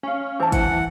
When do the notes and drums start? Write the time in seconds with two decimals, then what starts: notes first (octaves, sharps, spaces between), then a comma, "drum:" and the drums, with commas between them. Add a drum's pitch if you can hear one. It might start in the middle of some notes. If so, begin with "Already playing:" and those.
0.03 C#4 F5 G#5
0.40 E3 C5 A5
0.52 F#5, drum: kick, hi-hat